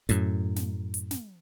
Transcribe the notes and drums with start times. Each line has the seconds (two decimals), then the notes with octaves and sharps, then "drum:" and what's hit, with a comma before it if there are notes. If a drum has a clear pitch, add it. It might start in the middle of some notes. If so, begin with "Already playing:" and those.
0.09 F#2 A2, drum: hi-hat
0.56 drum: snare
0.94 drum: hi-hat
1.11 drum: snare